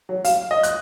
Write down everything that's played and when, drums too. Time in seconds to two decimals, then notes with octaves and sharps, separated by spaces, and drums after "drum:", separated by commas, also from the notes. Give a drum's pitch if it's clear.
0.09 F#3
0.24 F5, drum: open hi-hat
0.51 D#5
0.63 F#6, drum: hi-hat